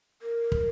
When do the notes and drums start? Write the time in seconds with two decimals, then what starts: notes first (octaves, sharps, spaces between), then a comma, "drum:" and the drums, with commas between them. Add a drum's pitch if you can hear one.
0.22 A#4
0.52 drum: kick